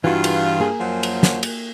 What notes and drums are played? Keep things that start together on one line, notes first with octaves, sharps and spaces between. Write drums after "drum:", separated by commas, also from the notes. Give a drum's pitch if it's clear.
G2 E3 F4 F#4
drum: cymbal
A#3 G#4
F#2 F3 F#3
drum: cymbal
drum: snare
drum: cymbal